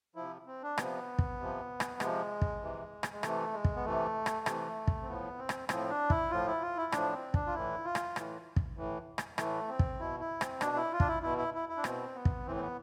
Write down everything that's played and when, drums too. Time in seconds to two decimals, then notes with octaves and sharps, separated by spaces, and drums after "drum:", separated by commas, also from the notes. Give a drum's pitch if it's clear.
0.16 C3 F3 E4
0.46 C4
0.63 D4
0.78 C3 F3 B3, drum: rim click
1.19 drum: kick
1.39 C3 F3
1.80 drum: rim click
2.00 C3 F3 G#3, drum: rim click
2.42 drum: kick
2.62 C3 E3
3.03 drum: rim click
3.12 G#3
3.23 C3 E3 A3, drum: rim click
3.54 G#3
3.64 drum: kick
3.76 B3
3.85 C3 E3 A3
4.26 drum: rim click
4.46 C3 E3, drum: rim click
4.87 drum: kick
5.02 C4
5.08 A2 F3 B3
5.38 C4
5.49 drum: rim click
5.69 A2 F3 C4, drum: rim click
5.90 D4
6.10 E4, drum: kick
6.30 A2 F3 F4
6.47 E4
6.62 F4
6.77 E4
6.92 A2 F3 D4, drum: rim click
7.13 C4
7.34 D4, drum: kick
7.47 F4
7.54 A2 E3 E4
7.85 F4
7.95 drum: rim click
8.16 A2 E3, drum: rim click
8.56 drum: kick
8.76 A2 E3
9.18 drum: rim click
9.38 A2 E3 A3, drum: rim click
9.69 C4
9.79 drum: kick
9.99 B2 E4
10.20 E4
10.41 C4, drum: rim click
10.61 B2 D4, drum: rim click
10.76 E4
10.92 F4
11.00 D4, drum: kick
11.08 E4
11.23 B2 E4
11.38 E4
11.54 E4
11.69 E4
11.77 D4
11.84 B2 C4, drum: rim click
12.15 B3
12.25 drum: kick
12.46 A2 E3 C4
12.56 C4
12.61 B3